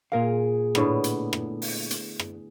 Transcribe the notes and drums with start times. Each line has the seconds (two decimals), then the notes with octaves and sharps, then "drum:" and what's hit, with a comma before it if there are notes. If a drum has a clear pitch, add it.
0.12 A#2 G#4 A#4 F5
0.75 A2 D3 B3, drum: rim click
1.04 drum: hi-hat
1.33 drum: rim click
1.62 drum: open hi-hat
1.91 drum: hi-hat
2.19 drum: rim click